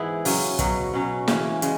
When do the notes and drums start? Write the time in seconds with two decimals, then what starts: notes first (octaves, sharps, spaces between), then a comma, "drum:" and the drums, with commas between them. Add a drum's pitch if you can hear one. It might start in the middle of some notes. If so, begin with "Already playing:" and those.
Already playing: G#2 E3 G#3 B3 E4 G#4
0.25 C#3 F#3 C#4, drum: open hi-hat
0.59 B2 F#3 B3, drum: kick, hi-hat
0.93 B2 F#3 C#4
1.28 C#3 E3 C#4, drum: snare
1.62 C#3 G#3, drum: hi-hat